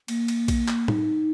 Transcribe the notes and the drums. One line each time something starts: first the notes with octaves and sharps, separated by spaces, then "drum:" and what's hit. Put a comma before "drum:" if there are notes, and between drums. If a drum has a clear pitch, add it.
A#3, drum: cymbal
drum: cymbal
drum: kick A#1, cymbal
drum: clap
D#4, drum: tom A2